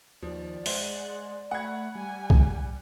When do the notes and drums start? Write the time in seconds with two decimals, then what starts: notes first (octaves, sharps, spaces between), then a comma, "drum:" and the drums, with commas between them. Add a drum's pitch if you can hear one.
0.22 D#2 F3 D5
0.66 G#3 C5 F#5, drum: open hi-hat
1.51 A3 F#5 B5 G#6
1.95 G3 G#5
2.30 drum: kick B1